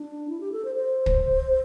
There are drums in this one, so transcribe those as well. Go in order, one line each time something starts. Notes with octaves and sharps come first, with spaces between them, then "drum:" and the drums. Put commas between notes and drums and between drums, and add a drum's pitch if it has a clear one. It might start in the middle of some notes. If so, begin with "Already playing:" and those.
Already playing: D4
E4
G4
A4
C5
C5
drum: kick